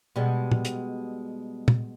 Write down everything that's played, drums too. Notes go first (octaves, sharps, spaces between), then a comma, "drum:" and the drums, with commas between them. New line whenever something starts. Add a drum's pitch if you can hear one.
B2 G3 G#3
drum: tom
drum: hi-hat
drum: tom